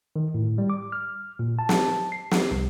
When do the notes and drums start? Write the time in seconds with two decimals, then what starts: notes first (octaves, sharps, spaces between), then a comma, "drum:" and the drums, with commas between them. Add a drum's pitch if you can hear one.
0.16 D#3
0.34 A2
0.58 G3
0.70 D6
0.92 F6
1.39 A#2
1.59 A5
1.69 drum: snare
2.12 C7
2.31 drum: snare
2.51 C2